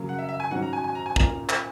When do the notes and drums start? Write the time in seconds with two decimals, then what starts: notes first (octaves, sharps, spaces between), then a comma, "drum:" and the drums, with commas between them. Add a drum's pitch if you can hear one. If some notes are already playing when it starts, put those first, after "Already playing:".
Already playing: C#3 F#3 A#3
0.09 F#5
0.18 E5
0.29 E5
0.40 G#5
0.51 G#2 F#3 C#4 F#4 F#5
0.62 A#5
0.73 G#5
0.84 G#5
0.95 A#5
1.06 G#5
1.16 A#2 A#3 C#4 A#5, drum: kick
1.49 drum: clap